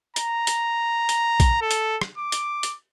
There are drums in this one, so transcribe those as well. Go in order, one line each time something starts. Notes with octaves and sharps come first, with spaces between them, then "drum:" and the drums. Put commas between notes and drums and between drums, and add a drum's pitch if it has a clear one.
A#5, drum: hi-hat
drum: hi-hat
drum: hi-hat
drum: kick A#1, hi-hat
A4
drum: hi-hat
drum: rim click
D6
drum: hi-hat
drum: hi-hat